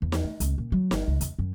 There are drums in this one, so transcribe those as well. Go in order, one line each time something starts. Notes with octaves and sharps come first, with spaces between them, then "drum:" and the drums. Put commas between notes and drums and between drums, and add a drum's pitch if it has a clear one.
E2
drum: snare
A3
C#2, drum: hi-hat
A#2
F#3
G1, drum: snare
C#2
E2, drum: hi-hat
F#2